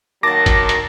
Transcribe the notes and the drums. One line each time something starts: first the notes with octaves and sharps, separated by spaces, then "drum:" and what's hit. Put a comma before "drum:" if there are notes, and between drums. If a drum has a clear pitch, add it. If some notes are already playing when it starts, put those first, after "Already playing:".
D#3 F#3 A#3 A5 D6 A6 A#6
drum: kick, hi-hat
drum: hi-hat